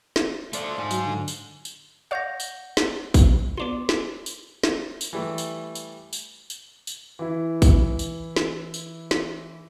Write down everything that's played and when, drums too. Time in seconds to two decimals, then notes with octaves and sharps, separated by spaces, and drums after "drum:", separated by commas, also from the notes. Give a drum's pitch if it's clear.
0.16 drum: snare
0.53 F3 A3 D5, drum: tambourine
0.78 G#2 D#4 G#5
0.91 F#3, drum: tambourine
1.06 D3
1.28 drum: tambourine
1.65 drum: tambourine
2.11 C#5 D5 F5 F#5 G6 A#6
2.40 drum: tambourine
2.77 drum: snare
3.14 drum: kick, tambourine
3.57 B3 D4 F4 C6 D6
3.89 drum: snare
4.26 drum: tambourine
4.63 drum: snare
5.01 drum: tambourine
5.13 E3 G3 A3
5.38 drum: tambourine
5.75 drum: tambourine
6.13 drum: tambourine
6.50 drum: tambourine
6.87 drum: tambourine
7.19 E3 E4
7.62 drum: kick, tambourine
7.99 drum: tambourine
8.36 drum: snare
8.74 drum: tambourine
9.11 drum: snare